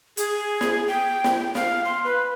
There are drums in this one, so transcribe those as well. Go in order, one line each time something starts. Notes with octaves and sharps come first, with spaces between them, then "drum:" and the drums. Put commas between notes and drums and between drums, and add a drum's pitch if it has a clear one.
G#4, drum: hi-hat
drum: snare
G5
drum: snare
F5, drum: snare
C6
B4